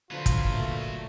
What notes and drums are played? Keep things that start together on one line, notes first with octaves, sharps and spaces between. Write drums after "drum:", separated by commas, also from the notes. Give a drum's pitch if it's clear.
D3 F#3 F4 B4 C5
drum: kick, hi-hat
A#2 A3